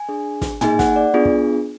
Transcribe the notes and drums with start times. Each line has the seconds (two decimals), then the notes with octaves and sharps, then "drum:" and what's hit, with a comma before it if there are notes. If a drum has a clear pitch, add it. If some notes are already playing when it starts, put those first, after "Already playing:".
Already playing: G#5
0.09 D4 G#4
0.42 drum: snare
0.61 A#3 D#4 G#4 G#5, drum: tom
0.79 F#5, drum: snare
0.96 D5
1.14 B3 D4 F4 G#4
1.25 drum: kick